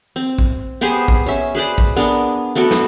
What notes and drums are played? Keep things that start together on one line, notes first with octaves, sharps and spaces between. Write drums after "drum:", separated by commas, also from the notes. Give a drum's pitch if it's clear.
C4
drum: kick
B3 G4 G#4 C5
drum: kick
C#4 E5
G#4 B4 C5 D5
drum: kick
B3 D4 G#4 A#4
A3 B3 F#4 A4
drum: snare